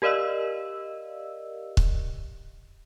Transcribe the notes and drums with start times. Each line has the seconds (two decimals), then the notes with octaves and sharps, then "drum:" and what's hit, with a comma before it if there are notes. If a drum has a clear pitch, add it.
0.02 G4 A#4 D5 D#5 F5 E6
1.77 drum: kick C#1